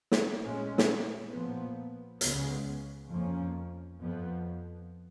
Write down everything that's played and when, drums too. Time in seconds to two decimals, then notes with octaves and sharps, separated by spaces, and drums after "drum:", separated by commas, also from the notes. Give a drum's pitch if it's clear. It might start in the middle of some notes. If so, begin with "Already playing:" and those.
0.11 drum: snare
0.39 A#2 G#3 C#4
0.78 drum: snare
1.30 A#2 F3 B3
2.21 C#2 C#3 G#3 B3, drum: hi-hat
3.11 F2 F3 A#3 C#4
4.00 F2 F3 B3